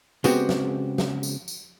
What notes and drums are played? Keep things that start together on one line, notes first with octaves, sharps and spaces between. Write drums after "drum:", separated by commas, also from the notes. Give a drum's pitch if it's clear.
C#3 G#3 B3 C4 F#4 G4, drum: tambourine
drum: snare
drum: snare
drum: tambourine
drum: tambourine